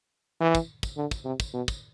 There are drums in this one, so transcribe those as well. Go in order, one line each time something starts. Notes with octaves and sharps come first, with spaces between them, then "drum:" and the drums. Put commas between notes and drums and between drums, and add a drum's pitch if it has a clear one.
E3
drum: kick, tambourine
drum: kick, tambourine
D3
drum: kick, tambourine
C3
drum: kick, tambourine
B2
drum: kick, tambourine